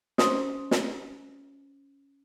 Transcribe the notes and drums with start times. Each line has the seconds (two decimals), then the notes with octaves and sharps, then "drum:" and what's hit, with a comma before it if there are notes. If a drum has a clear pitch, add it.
0.18 C#4 C5 C6 D#6, drum: snare
0.71 drum: snare